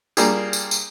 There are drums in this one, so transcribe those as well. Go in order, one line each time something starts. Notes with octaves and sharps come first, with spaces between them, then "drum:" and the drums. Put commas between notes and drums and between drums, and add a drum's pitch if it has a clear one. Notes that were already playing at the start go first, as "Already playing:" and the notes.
G3 A#3 D4 F4 G4 G#4, drum: tambourine
drum: tambourine
drum: tambourine